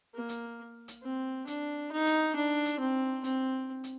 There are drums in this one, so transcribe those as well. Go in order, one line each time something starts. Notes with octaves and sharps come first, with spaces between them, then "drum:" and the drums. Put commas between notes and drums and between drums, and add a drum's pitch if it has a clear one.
A#3
drum: hi-hat
drum: hi-hat
C4
D4, drum: hi-hat
D#4
drum: hi-hat
D4
drum: hi-hat
C4
C4, drum: hi-hat
drum: hi-hat